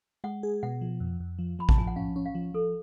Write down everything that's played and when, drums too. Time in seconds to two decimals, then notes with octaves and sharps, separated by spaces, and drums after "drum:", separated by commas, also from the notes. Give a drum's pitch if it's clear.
0.24 G#3 F#5
0.43 G#4
0.63 B2 F#5
0.81 F3
1.00 F2
1.20 F2
1.39 F3
1.59 F3 B5
1.69 A5, drum: kick A1
1.77 F3 G#5
1.87 F#5
1.96 C#4 F5
2.16 C#4
2.26 F5
2.35 F3
2.54 F3 A4